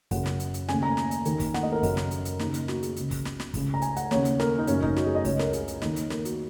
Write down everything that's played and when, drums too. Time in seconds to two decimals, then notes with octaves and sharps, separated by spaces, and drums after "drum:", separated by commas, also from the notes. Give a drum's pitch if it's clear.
0.11 F#2 C#3 F#5, drum: kick, open hi-hat
0.26 drum: snare
0.40 drum: hi-hat
0.54 drum: hi-hat
0.68 D#2 C#3 G#5, drum: snare
0.83 A#5
0.97 drum: snare
1.11 drum: hi-hat
1.25 D#2 D#3, drum: hi-hat
1.40 drum: kick, open hi-hat
1.54 F#5, drum: snare
1.63 D#5
1.72 A#4
1.83 F#2 C#3, drum: kick, open hi-hat
1.97 drum: snare
2.11 drum: hi-hat
2.25 drum: hi-hat
2.39 D#2 C#3 D#4, drum: snare
2.54 drum: hi-hat
2.68 F#4, drum: snare
2.83 G#4, drum: hi-hat
2.97 C#2 C#3, drum: hi-hat
3.11 drum: kick, open hi-hat
3.25 drum: snare
3.40 drum: snare
3.54 C#2 C#3, drum: kick, open hi-hat
3.74 A#5
3.82 G#5, drum: hi-hat
3.97 F#5, drum: hi-hat
4.11 D#2 C#3 C#5, drum: snare
4.25 drum: hi-hat
4.40 A#4, drum: snare
4.58 D#4
4.67 F#2 C#3 C#4, drum: hi-hat
4.82 D#4, drum: kick
4.96 F#4, drum: snare
5.06 G#4
5.15 D#5
5.25 C#2 C#3 C#5, drum: kick, open hi-hat
5.39 A#4, drum: snare
5.53 G#4, drum: hi-hat
5.68 drum: hi-hat
5.82 D#2 D#3 D#4, drum: snare
5.96 drum: hi-hat
6.10 A#4, drum: snare
6.25 F#4, drum: hi-hat